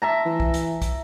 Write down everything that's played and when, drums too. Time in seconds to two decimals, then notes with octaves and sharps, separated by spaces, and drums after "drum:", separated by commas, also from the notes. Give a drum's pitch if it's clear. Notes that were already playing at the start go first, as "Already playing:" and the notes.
0.02 E5 A5 A#5
0.26 E3
0.40 drum: kick
0.54 drum: hi-hat
0.82 drum: kick, hi-hat